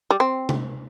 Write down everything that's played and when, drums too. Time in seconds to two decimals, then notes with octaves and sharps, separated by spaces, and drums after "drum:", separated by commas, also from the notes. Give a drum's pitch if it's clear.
0.10 G3
0.20 C4
0.49 drum: tom C3